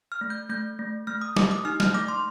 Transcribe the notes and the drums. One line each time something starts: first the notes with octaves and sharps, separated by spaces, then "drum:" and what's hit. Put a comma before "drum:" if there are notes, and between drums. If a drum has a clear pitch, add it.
F6
A3
G6
A3 G6
A3
A3 F6
D#6
G4 D6, drum: snare
D#6
D#4 F6
F6, drum: snare
A3 D6
C6